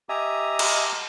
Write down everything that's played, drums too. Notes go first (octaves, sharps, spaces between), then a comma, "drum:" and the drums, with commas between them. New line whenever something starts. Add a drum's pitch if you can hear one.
G4 D#5 E5 G#5 A#5
drum: cymbal